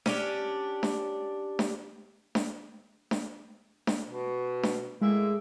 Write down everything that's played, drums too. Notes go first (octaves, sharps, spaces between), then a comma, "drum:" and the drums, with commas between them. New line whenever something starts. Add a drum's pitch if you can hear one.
C#4 D4 G4, drum: snare D4
drum: snare D4
drum: snare D4
drum: snare D4
drum: snare D4
drum: snare D4
B2
drum: snare D4
A2 G#3 A#3 E5